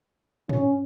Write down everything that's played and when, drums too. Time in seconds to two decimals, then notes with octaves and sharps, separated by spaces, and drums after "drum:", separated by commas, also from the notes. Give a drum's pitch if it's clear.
0.49 C#4, drum: tom